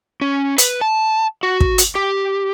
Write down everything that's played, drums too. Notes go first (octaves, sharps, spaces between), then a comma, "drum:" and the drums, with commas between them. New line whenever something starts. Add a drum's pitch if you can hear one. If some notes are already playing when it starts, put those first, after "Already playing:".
C#4
B4, drum: hi-hat
A5
F#4
drum: kick
drum: hi-hat
G4